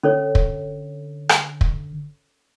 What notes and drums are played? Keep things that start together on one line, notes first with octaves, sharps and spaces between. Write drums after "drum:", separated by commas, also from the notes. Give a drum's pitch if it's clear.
D3 C#4 A4 C#5
drum: kick
drum: rim click
drum: kick